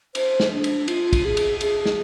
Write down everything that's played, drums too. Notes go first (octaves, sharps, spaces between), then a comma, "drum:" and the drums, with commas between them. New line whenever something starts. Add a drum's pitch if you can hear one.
C5, drum: cymbal
drum: snare
D4
drum: cymbal
F4, drum: cymbal
drum: kick, cymbal
G#4
drum: cymbal
G#4, drum: cymbal
drum: snare